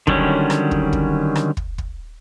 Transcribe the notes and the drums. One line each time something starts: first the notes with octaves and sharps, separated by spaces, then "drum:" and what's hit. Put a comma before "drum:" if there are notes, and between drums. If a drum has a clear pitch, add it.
D3 D#3 F#3 G3 C#4, drum: kick
drum: rim click
drum: kick
drum: kick
drum: rim click
drum: kick
drum: kick